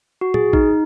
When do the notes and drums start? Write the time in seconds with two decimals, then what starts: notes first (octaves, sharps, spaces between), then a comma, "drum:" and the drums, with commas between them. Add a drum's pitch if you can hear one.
0.21 F#4
0.34 G#4, drum: tom A#2
0.53 D#4, drum: kick